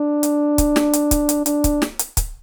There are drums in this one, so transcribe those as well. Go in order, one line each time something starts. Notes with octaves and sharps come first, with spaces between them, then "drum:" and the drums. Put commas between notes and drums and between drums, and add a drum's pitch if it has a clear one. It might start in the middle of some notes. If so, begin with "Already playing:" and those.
Already playing: D4
drum: hi-hat
drum: kick C#1, hi-hat
drum: snare
drum: hi-hat
drum: kick C#1, hi-hat
drum: hi-hat
D4, drum: hi-hat
drum: kick C#1, hi-hat
drum: snare
drum: hi-hat
drum: kick C#1, hi-hat